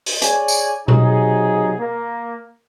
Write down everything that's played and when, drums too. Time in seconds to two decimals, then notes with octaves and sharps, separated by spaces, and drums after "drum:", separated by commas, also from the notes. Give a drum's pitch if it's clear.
0.06 drum: open hi-hat
0.22 G#4 C#5 D5 G#5, drum: hi-hat
0.48 drum: tambourine
0.88 C3 F#3 D#4 G#4, drum: tom B2
1.79 A#3